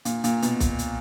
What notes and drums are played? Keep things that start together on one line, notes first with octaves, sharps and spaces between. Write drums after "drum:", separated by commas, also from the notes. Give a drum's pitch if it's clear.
A#2, drum: hi-hat
A#2, drum: hi-hat
B2, drum: hi-hat
drum: kick B1, hi-hat
drum: hi-hat